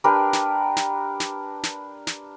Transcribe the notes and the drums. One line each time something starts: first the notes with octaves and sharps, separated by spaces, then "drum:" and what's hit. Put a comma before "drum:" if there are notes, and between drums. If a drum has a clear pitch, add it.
D4 G4 A#4 B4
drum: snare
drum: snare
drum: snare
drum: snare
drum: snare